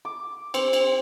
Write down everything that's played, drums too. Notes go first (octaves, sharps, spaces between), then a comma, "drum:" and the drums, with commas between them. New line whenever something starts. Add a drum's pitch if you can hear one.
D6
C4, drum: cymbal
drum: cymbal